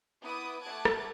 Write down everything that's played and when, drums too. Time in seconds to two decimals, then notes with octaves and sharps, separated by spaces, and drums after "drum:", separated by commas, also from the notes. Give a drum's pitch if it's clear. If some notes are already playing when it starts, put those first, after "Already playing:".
0.23 B3 E4 B4 D6 D#6
0.63 A3 F#5 A5 D6 F#6 G#6
0.85 drum: rim click